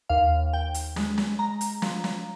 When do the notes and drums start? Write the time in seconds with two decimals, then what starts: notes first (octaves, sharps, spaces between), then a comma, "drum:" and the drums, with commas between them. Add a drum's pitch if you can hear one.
0.09 D#2 F5
0.53 D#2 G5
0.74 drum: hi-hat
0.96 G#3, drum: snare
1.18 drum: snare
1.39 G#3 A#5
1.61 drum: hi-hat
1.82 F3, drum: snare
2.04 drum: snare